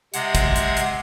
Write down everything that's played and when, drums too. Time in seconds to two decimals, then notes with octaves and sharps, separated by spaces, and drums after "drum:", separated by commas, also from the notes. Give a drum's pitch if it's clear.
0.14 C3 G#3 F#5 G#6, drum: hi-hat
0.35 drum: kick, hi-hat
0.56 drum: hi-hat
0.77 drum: hi-hat